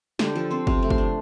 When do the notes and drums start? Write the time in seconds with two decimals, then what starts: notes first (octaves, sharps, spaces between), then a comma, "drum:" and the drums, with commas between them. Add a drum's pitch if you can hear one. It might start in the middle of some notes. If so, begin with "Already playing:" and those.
0.19 D3 G4, drum: snare
0.36 F3 A4
0.51 C4 C5
0.67 C3, drum: kick
0.83 A3
0.90 C6, drum: kick
0.98 D4